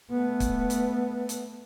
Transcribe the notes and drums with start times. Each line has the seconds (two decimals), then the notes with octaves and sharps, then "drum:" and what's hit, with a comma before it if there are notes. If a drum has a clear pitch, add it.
0.11 A3 B3
0.40 drum: kick, hi-hat
0.70 drum: hi-hat
1.29 drum: hi-hat